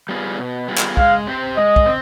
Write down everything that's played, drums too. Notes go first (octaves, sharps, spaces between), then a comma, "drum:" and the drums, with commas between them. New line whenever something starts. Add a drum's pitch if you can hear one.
G3 B3 F4 G#4
B2
G3 B3 F4 G#4
drum: clap
G#3 F5, drum: kick
C4 G4 C5
G#3 D#5
drum: kick
C4